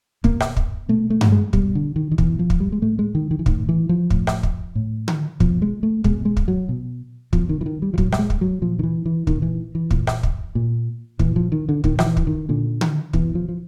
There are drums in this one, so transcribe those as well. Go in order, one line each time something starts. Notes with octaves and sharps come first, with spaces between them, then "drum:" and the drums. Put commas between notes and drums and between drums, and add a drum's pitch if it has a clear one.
B2 A#3, drum: kick
drum: rim click
drum: kick
B2 A3
A3
drum: tom G2
G#3
B2 G3, drum: kick
D3
D#3
D#3
B2 E3, drum: kick
F3
drum: kick
G3
G#3
A2 A3
G#3
D#3
D#3
E3
A2 D#3, drum: kick
E3
F3
A2, drum: kick
drum: rim click
drum: kick
A2
drum: tom D3
B2 F3, drum: kick
G#3
A3
B2 G#3, drum: kick
G#3
drum: kick
F#3
B2
B2 F3, drum: kick
D#3
E3
D#3
G3
F3
A#2 F#3, drum: kick
G3, drum: rim click
G#3
drum: kick
F#3
A#2 F3
D#3
E3
E3
A#2 D#3, drum: kick
E3
E3
A#2, drum: kick
drum: rim click
drum: kick
A#2
A#2 E3, drum: kick
F3
D#3
D3
A#2 D#3, drum: kick
F3, drum: rim click
E3
drum: kick
D#3
A#2 D3
drum: tom D3
B2 E3, drum: kick
F3
F3